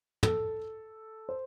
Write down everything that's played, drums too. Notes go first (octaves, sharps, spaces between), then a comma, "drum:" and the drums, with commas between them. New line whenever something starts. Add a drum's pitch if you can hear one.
A4, drum: tom
C5